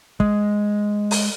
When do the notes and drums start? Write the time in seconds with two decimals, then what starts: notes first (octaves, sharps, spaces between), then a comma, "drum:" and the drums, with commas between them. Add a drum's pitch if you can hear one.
0.20 G#3, drum: kick
1.11 drum: open hi-hat